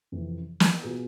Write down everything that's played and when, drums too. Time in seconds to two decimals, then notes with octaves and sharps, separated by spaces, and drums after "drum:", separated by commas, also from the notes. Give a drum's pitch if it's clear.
0.12 F2 C3 E3
0.60 drum: snare
0.83 B2 B3 F4 G#4